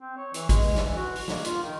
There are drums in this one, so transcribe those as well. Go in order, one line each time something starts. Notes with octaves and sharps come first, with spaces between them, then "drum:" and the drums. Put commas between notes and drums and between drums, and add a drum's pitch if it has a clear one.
C4
C#5
E3, drum: hi-hat
G#3, drum: kick, hi-hat
drum: open hi-hat
E3, drum: snare
F#4
drum: open hi-hat
A#3, drum: snare
F4, drum: hi-hat
D#3